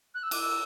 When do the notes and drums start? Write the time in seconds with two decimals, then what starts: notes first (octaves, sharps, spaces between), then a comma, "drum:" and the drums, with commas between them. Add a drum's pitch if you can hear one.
0.14 F#6
0.22 E6
0.31 D6, drum: cymbal
0.41 E6